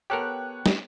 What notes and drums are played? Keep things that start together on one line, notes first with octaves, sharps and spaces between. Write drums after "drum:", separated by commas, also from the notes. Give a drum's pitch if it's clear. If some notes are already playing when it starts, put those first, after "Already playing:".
B3 G4 A4 A#4 C#5 G5 F#6
drum: snare